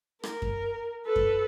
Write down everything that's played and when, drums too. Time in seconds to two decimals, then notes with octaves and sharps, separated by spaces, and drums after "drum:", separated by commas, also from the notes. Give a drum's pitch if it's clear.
0.23 A#4, drum: rim click
0.42 drum: kick F#2
1.06 A4 B4
1.16 drum: kick F#2